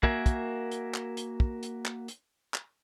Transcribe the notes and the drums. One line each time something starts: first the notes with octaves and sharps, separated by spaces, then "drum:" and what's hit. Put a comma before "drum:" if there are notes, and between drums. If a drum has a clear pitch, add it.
A#3 F#4 A#4 E5 G#5, drum: kick
drum: kick, hi-hat
drum: hi-hat
drum: clap
drum: hi-hat
drum: kick
drum: hi-hat
drum: clap
drum: hi-hat
drum: clap